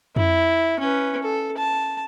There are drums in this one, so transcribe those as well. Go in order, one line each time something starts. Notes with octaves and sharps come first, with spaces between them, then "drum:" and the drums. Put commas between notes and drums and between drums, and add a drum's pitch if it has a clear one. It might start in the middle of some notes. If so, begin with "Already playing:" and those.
E4, drum: tom F2
C#4 B4
A4
A5